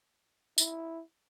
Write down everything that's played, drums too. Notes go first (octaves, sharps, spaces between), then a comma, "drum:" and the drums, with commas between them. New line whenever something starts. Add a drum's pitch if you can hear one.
E4, drum: tambourine